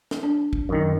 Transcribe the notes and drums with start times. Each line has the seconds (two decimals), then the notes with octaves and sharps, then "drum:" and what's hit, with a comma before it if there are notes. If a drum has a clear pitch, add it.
0.11 drum: snare
0.23 D4
0.53 drum: kick
0.69 F#2 D#3